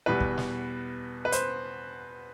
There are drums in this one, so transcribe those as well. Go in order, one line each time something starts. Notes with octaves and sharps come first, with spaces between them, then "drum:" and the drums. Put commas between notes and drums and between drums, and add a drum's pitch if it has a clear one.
E2 B2 G3 B4
drum: kick
drum: snare
B4
C5, drum: hi-hat